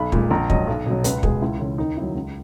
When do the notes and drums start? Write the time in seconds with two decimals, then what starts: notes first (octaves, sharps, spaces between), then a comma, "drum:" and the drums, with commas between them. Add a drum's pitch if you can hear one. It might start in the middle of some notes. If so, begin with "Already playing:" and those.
Already playing: B1 B5
0.12 A#2 G#3, drum: kick
0.30 A#1 A#5
0.50 G#2 F#3 D#5, drum: kick
0.67 B1
0.86 B2 F#3
1.04 C#2 B4, drum: hi-hat
1.23 B2 G#3 G#4, drum: kick
1.42 C#2 E4
1.59 C#3 E3
1.78 D#2 D#4
1.97 D#3 F#3 E4
2.15 C#2